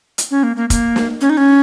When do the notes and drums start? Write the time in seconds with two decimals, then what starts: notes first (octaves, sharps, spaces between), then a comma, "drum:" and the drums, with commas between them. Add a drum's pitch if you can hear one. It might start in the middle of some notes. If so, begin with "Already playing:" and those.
0.18 drum: hi-hat
0.31 C#4
0.43 A#3
0.56 A#3
0.70 A#3, drum: kick, hi-hat
0.96 drum: snare
1.21 C#4
1.30 D#4
1.37 C#4